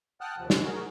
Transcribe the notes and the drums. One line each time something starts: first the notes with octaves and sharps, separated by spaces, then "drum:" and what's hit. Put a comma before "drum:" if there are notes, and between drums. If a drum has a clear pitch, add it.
F#5 G5 A5 D#6 F6 F#6
D#2 C3 F3
drum: snare
F#4 G#4 A#4